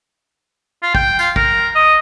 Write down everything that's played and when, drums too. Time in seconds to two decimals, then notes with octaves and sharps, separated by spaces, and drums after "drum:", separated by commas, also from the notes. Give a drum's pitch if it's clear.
0.83 F4
0.95 G5, drum: kick
1.19 F4, drum: tambourine
1.36 A#4, drum: kick
1.75 D#5